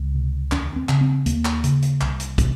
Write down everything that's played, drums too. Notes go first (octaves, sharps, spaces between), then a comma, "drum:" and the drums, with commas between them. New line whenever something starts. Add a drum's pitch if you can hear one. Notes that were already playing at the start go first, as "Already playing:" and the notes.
Already playing: C#2
C3
D#2 C#4, drum: clap
C4
C#3, drum: clap
C4
D#2 A#3, drum: hi-hat
drum: clap
C#3, drum: hi-hat
drum: hi-hat
C2, drum: clap
drum: hi-hat
C3, drum: kick, hi-hat